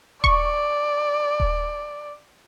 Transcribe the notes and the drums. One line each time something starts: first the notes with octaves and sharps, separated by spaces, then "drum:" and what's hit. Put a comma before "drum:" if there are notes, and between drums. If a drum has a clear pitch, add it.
D5 C#6, drum: kick D#1
drum: kick D#1